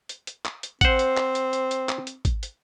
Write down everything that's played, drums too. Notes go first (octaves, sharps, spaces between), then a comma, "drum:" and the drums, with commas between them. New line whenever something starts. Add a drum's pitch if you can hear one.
drum: hi-hat
drum: hi-hat
drum: clap
drum: hi-hat
C4 C5 F#5, drum: kick G#1, hi-hat
drum: hi-hat
drum: clap
drum: hi-hat
drum: hi-hat
drum: hi-hat
drum: clap
drum: hi-hat
drum: kick G#1, hi-hat
drum: hi-hat